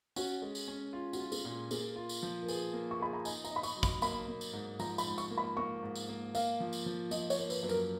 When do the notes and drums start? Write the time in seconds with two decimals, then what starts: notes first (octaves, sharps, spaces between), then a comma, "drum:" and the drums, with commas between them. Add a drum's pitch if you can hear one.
0.16 C#4 F#4, drum: tambourine
0.42 G#3
0.55 drum: tambourine
0.68 C#4
0.93 F4
1.13 F#4, drum: tambourine
1.20 F4
1.32 G#4, drum: tambourine
1.45 A#2
1.71 A#3 G#4, drum: tambourine
1.96 F4
2.09 drum: tambourine
2.23 F3
2.43 A#4
2.48 G#4 B4, drum: tambourine
2.73 A#3
2.91 C#6
3.00 G#4 B5
3.13 A#5
3.25 D#4 G#5, drum: tambourine
3.44 A#5, drum: tambourine
3.51 D#4
3.56 B5
3.63 C#6, drum: tambourine
3.77 F#3
3.83 B5, drum: kick, tambourine
4.02 A#3 B5, drum: tambourine
4.28 A#3
4.41 drum: tambourine
4.53 G#2
4.79 F3 A#5, drum: tambourine
4.98 B5, drum: tambourine
5.06 G#2
5.18 C#6, drum: tambourine
5.30 A#3
5.38 B5
5.57 A#3 C#6
5.83 G#2
5.95 drum: tambourine
6.09 A#3
6.35 A#3 F5, drum: tambourine
6.60 F3
6.73 drum: tambourine
6.86 F3
7.11 F3 D#5, drum: tambourine
7.30 C#5, drum: tambourine
7.38 A#3
7.50 B4, drum: tambourine
7.63 F#2 B4
7.69 A#4, drum: tambourine